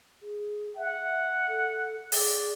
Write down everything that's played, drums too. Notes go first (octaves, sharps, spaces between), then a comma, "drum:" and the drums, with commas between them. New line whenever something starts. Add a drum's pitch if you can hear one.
G#4
E5 F#5
A4
G#4 D5, drum: open hi-hat